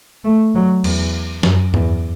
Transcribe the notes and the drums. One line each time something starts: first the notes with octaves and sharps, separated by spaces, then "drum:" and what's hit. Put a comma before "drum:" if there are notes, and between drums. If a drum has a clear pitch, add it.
A3
F#3
E2, drum: cymbal
F#2, drum: snare
E2, drum: tom G2